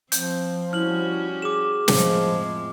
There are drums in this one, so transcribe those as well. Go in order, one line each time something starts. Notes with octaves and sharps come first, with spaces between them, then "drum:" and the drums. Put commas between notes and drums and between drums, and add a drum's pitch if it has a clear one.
F3 C4 G6, drum: hi-hat
G3 C#4 E4 F#4 F6 F#7
G#4 D6 E7
F2 A2 F3 G#3, drum: snare